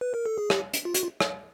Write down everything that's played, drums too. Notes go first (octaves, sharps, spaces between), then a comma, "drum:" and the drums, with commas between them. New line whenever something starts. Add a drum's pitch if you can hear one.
B4
A#4
A4
G#4
G4, drum: rim click
drum: hi-hat
F4
F#4, drum: hi-hat
F4
drum: rim click